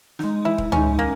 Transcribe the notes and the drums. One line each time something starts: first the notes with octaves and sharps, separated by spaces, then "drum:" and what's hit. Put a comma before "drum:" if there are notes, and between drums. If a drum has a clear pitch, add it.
G#3 D#4, drum: snare
E3 E4
drum: kick D#1
G#3 C#4 D#4, drum: tom C#2
A#3 C#4